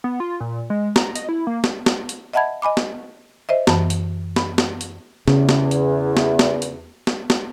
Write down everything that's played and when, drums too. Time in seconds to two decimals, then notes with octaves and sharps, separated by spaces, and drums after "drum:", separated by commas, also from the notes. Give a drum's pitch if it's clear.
0.04 B3
0.20 F4
0.40 A#2
0.70 G#3
0.96 A#5, drum: snare
1.15 D#5, drum: hi-hat
1.29 E4
1.47 A#3
1.64 drum: snare
1.86 drum: snare
2.09 drum: hi-hat
2.33 D#5 E5 F#5 A5 B5 G#6
2.62 D#5 G#5 B5 D6
2.77 drum: snare
3.49 C5 D#5 E5
3.67 F#2 E3 A5 B5, drum: snare
3.90 drum: hi-hat
4.36 B5, drum: snare
4.58 drum: snare
4.81 drum: hi-hat
5.28 E2 C#3, drum: snare
5.49 drum: snare
5.71 drum: hi-hat
6.17 drum: snare
6.39 drum: snare
6.62 drum: hi-hat
7.07 drum: snare
7.30 drum: snare